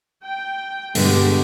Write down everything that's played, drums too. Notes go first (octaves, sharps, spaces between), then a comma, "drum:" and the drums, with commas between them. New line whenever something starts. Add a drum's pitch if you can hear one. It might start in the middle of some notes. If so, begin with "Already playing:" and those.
G5
G2 B2 D3 G#3 G4, drum: open hi-hat